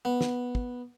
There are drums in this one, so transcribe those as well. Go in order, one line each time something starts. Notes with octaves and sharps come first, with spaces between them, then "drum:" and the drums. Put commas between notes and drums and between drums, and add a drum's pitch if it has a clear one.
B3
drum: snare
drum: kick